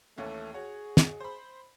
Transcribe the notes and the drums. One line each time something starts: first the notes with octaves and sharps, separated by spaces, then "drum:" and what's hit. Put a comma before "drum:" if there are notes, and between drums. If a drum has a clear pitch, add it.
D#2 E3 A3 C#4
F#4 G#4 C#5
drum: snare
C5 B5